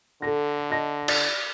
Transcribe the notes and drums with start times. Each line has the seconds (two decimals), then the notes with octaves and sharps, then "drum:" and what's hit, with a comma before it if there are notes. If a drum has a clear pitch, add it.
0.22 D3 A4 A#6
0.70 D#5 A5 A#6
1.08 D5, drum: cymbal